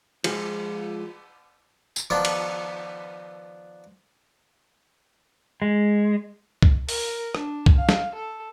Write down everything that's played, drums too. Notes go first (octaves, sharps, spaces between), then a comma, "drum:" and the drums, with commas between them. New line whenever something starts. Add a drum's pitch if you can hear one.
F3 G#3 F4, drum: cymbal
drum: tambourine
D#3 F3 B3 D4
drum: cymbal
G#3
drum: kick C2
A#4, drum: open hi-hat
D4, drum: rim click
drum: kick C2
F5
drum: snare
A4